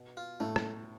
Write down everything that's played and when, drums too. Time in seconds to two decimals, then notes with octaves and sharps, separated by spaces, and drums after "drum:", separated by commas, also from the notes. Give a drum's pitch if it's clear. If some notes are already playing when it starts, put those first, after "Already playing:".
Already playing: B2
0.17 F4
0.40 A2 A3
0.56 drum: rim click